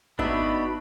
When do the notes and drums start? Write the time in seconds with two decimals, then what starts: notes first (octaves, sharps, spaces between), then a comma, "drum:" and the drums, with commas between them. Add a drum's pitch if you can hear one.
0.19 B3 D4 D#4 F#4 D#5 E5 B5, drum: kick G#1